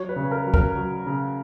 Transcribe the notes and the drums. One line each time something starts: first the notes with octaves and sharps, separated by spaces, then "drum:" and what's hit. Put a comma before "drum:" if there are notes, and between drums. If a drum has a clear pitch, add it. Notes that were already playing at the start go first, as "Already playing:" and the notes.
Already playing: F#3 C#5
B4
C#3
A#4
F#3
A#4, drum: kick
F#3
C#3